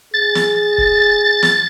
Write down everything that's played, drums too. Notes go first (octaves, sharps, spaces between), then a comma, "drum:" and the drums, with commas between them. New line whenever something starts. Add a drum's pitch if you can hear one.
G#4 A6
drum: snare
drum: kick
drum: snare